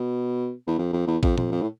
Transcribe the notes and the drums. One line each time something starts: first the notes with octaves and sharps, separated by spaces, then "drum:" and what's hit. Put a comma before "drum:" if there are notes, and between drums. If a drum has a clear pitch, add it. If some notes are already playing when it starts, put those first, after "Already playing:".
Already playing: B2
E2
F2
F2
E2
F2, drum: kick A1
F2, drum: tom A#2
F2
A2